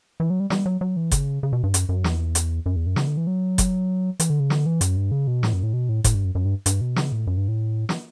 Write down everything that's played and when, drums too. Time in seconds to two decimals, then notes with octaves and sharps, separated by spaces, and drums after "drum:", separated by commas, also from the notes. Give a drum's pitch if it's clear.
0.20 E3
0.30 F#3
0.40 G3
0.50 G3, drum: snare
0.66 F#3
0.81 F#3
0.97 E3
1.11 C#3, drum: kick F#1, hi-hat
1.43 C#3
1.53 B2
1.64 G2
1.74 F#2, drum: hi-hat
1.89 F#2
2.04 E2, drum: snare
2.35 drum: hi-hat
2.66 F#2
2.76 E2
2.87 F#2
2.96 C#3, drum: snare
3.07 D3
3.17 E3
3.27 F#3
3.58 drum: kick F#1, hi-hat
4.20 E3, drum: hi-hat
4.30 D3
4.40 C#3
4.50 D3, drum: snare
4.66 E3
4.81 F#2, drum: hi-hat
4.97 G2
5.11 C#3
5.27 B2
5.43 A2, drum: snare
5.53 F#2
5.63 A2
5.73 B2
5.89 A2
6.04 A2, drum: kick F#1, hi-hat
6.14 G2
6.25 F#2
6.35 F#2
6.45 G2
6.66 G2, drum: hi-hat
6.81 B2
6.96 C#3, drum: snare
7.12 A2
7.27 F#2
7.38 G2
7.48 A2
7.89 drum: snare